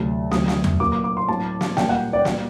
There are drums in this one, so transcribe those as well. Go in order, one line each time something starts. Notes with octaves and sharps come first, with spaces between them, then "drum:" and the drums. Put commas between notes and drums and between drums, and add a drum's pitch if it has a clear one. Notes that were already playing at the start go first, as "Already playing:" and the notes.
Already playing: D2 C3 F#3 A5
D2 D3 F#3 C4 D#6, drum: snare
drum: snare
drum: tom E2
A#2 F#3 A#3 D6
D6
D6
C6
A2 F#3 A3 C4 A5
drum: snare
A#2 G3 A#3 G5, drum: snare
F#5
D5
A#2 G3 D5, drum: snare